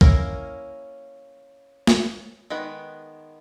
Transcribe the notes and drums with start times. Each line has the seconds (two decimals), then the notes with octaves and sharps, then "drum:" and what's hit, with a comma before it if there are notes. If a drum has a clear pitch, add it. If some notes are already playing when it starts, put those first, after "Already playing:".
0.01 A#3 C#4 E4 A#4, drum: kick
1.87 drum: snare
2.50 D#3 G#3 B3 B4